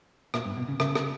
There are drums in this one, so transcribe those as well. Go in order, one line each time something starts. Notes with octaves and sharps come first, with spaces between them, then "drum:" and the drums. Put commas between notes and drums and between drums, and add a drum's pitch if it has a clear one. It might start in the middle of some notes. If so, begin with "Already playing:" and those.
A#2, drum: rim click
G2
B2
C#3
C#3, drum: rim click
drum: rim click